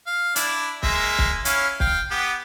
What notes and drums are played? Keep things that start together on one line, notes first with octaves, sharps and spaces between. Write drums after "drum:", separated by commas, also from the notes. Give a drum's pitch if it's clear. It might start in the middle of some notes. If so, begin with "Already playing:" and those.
F5
D4 E4, drum: hi-hat
G#3 A#3 E5, drum: kick
drum: kick
C#4 E4 F5, drum: hi-hat
F5 G5, drum: kick
B3 G4